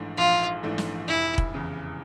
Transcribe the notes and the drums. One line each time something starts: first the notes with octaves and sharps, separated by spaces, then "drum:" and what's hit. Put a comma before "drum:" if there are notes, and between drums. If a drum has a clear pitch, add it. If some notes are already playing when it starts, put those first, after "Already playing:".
Already playing: A#1 G#2 E3 A3 D4
A#1 F4
G#2 E3 A3 D4
drum: snare
F1 E4
drum: kick
E2 C#3 E3